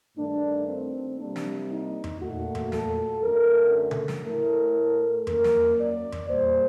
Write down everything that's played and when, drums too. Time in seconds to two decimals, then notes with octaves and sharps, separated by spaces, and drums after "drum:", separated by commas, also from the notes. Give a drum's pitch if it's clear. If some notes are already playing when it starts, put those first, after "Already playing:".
0.16 G2 D#3 A3 D4
0.68 C4
1.18 C3 G3 A#3 D4
1.36 drum: snare
1.69 D#4
2.04 drum: tom E2
2.21 A#2 A3 F#4
2.55 drum: tom E2
2.72 A4, drum: snare
3.22 F#2 D3 F#3 A3 A#4
3.91 drum: tom C#3
4.08 drum: snare
4.25 A2 A3 A#4
5.27 F#2 F#3 A#3 A#4, drum: tom E2
5.44 drum: snare
5.78 D5
6.12 drum: tom E2
6.29 A#2 G3 A#3 C5